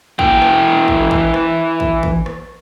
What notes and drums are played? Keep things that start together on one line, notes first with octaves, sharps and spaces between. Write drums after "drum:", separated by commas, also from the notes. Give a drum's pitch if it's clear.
E3 G5, drum: kick
drum: rim click
drum: kick
drum: kick
drum: rim click
drum: kick
drum: kick
drum: rim click